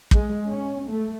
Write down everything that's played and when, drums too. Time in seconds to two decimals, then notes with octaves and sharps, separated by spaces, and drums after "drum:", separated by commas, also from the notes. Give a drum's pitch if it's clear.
0.11 G#3, drum: kick
0.48 C#4
0.87 A3